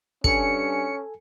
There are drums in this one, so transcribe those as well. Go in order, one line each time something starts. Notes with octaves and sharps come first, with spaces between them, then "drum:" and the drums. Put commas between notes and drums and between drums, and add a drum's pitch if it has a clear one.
G2 C#4 A4 G#5 C#7, drum: kick